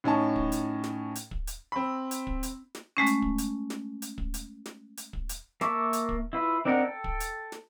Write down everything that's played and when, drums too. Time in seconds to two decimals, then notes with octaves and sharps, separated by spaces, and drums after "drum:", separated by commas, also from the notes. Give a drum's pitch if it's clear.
0.04 A2 C#4 D#4 A5
0.36 drum: kick
0.52 drum: hi-hat
0.84 drum: snare
1.15 drum: hi-hat
1.31 drum: kick
1.47 drum: hi-hat
1.72 C4 B5
2.11 drum: hi-hat
2.27 drum: kick
2.43 drum: hi-hat
2.75 drum: snare
2.97 G#3 A3 C#4
3.06 drum: hi-hat
3.22 drum: kick
3.38 drum: hi-hat
3.70 drum: snare
4.02 drum: hi-hat
4.18 drum: kick
4.34 drum: hi-hat
4.66 drum: snare
4.97 drum: hi-hat
5.13 drum: kick
5.29 drum: hi-hat
5.61 A#3 E5 A5 C#6 D6, drum: snare
5.93 drum: hi-hat
6.09 drum: kick
6.33 E4 F4 B4
6.65 C4 D4 D#4 A#4 F#5
6.84 A4 G5
7.04 drum: kick
7.20 drum: hi-hat
7.52 drum: snare